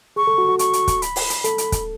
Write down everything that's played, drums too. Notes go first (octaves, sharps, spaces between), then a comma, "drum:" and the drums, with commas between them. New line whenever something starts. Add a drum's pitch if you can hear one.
G#4 C#6
A4
F#4
F#4
C#6, drum: hi-hat
drum: hi-hat
drum: kick, hi-hat
B5, drum: hi-hat
drum: open hi-hat
drum: hi-hat
A4, drum: hi-hat
drum: hi-hat
drum: kick, hi-hat